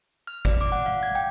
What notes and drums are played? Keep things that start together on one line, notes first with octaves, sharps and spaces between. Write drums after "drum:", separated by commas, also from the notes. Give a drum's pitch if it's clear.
F6
D5, drum: kick G#1
D6
F#5
F5
G#6
G5